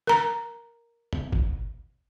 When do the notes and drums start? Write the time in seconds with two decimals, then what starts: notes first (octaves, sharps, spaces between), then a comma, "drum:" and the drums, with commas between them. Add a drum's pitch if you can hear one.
0.07 A#4 A#5
1.13 drum: tom E2
1.32 drum: kick